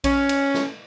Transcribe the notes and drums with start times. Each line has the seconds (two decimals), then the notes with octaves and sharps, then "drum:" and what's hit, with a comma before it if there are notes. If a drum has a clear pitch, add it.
0.04 C#4, drum: kick A#1, cymbal
0.29 drum: cymbal
0.54 drum: snare